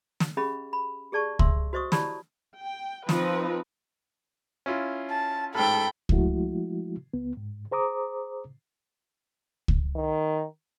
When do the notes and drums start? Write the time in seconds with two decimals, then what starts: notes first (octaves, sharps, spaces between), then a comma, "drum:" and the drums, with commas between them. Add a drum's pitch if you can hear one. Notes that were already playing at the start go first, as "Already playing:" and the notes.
0.20 drum: snare
0.37 C#4 G4 G#4 D#5 F5 B5
0.73 B5
1.12 G4 G#4 D5 A5 C#6
1.39 E5 C6 E6, drum: kick C#2
1.73 F#4 C5 D#5 C#6 D#6
1.92 E4 G4 C#5 D5 A5 B5, drum: snare
2.60 G5
3.09 F3 C4 D#4 B4, drum: snare
4.66 C#4 E4 F4
5.10 A5
5.55 A1 G#2 A4 G5 B5
6.09 F3 G#3 A3 E4 F#4, drum: kick C#2
7.14 C#2 B3
7.37 G#2
7.71 G#4 C5 A#5 D6 D#6
9.68 drum: kick C#2
9.96 D#3